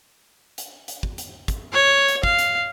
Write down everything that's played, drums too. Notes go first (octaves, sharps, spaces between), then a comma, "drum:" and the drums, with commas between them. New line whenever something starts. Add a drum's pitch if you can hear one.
drum: hi-hat
drum: hi-hat
drum: kick
drum: hi-hat
drum: kick, hi-hat
C#5
drum: hi-hat
F5, drum: kick
drum: hi-hat